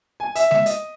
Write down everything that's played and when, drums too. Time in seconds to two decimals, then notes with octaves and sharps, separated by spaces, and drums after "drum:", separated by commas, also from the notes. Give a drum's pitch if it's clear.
0.20 G#5
0.35 E5, drum: hi-hat
0.51 E5, drum: snare G#3
0.66 D#5, drum: hi-hat